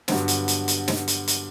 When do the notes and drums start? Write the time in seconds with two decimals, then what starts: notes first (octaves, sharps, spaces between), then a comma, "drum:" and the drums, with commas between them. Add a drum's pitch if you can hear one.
0.08 G2 D3 F#3 B3, drum: snare
0.28 drum: hi-hat
0.48 drum: hi-hat
0.68 drum: hi-hat
0.88 drum: snare
1.08 drum: hi-hat
1.28 drum: hi-hat